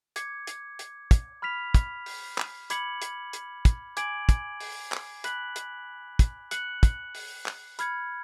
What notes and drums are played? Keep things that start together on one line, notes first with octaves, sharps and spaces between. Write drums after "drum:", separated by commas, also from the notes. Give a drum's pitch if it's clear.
D6 G#6 C#7, drum: hi-hat
drum: hi-hat
drum: hi-hat
drum: kick, hi-hat
B5 F6 B6 F7
drum: kick, hi-hat
drum: open hi-hat
drum: clap
B5 D6 G#6 C#7 F#7, drum: hi-hat
drum: hi-hat
drum: hi-hat
drum: kick, hi-hat
G#5 D6 G#6 D7 F#7, drum: hi-hat
drum: kick, hi-hat
drum: open hi-hat
drum: clap
B5 F#6 B6 F#7, drum: hi-hat
drum: hi-hat
drum: kick, hi-hat
F#6 C#7 F#7, drum: hi-hat
drum: kick, hi-hat
drum: open hi-hat
drum: clap
B5 F6 G#6 C#7, drum: hi-hat